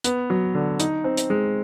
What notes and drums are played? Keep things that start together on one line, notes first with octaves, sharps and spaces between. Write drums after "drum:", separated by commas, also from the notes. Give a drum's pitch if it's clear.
B3, drum: hi-hat
F#3
D3
D#4, drum: hi-hat
C4
drum: hi-hat
G#3